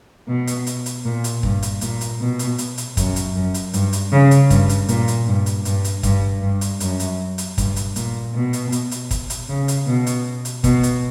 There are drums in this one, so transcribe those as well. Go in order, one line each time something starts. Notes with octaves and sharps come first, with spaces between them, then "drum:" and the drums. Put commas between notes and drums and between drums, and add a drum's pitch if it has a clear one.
B2
drum: hi-hat
drum: hi-hat
drum: hi-hat
A#2
drum: hi-hat
G2, drum: kick
drum: hi-hat
A#2, drum: hi-hat
drum: hi-hat
B2
drum: hi-hat
drum: hi-hat
drum: hi-hat
F#2, drum: kick, hi-hat
drum: hi-hat
F#2
drum: hi-hat
G2, drum: hi-hat
drum: hi-hat
C#3
drum: hi-hat
G2, drum: kick, hi-hat
drum: hi-hat
A#2, drum: hi-hat
drum: hi-hat
G2
drum: hi-hat
G2, drum: hi-hat
drum: hi-hat
G2, drum: kick, hi-hat
G2
drum: hi-hat
F#2, drum: hi-hat
drum: hi-hat
drum: hi-hat
G2, drum: kick, hi-hat
drum: hi-hat
A#2, drum: hi-hat
B2
drum: hi-hat
drum: hi-hat
drum: hi-hat
drum: kick, hi-hat
drum: hi-hat
C#3
drum: hi-hat
B2
drum: hi-hat
drum: hi-hat
B2, drum: kick, hi-hat
drum: hi-hat